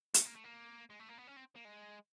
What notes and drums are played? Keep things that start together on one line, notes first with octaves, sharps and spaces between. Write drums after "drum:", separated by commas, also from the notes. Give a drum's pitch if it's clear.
A3, drum: hi-hat
A#3
A3
A#3
G#3
A3
A#3
B3
C#4
C4
A#3
G#3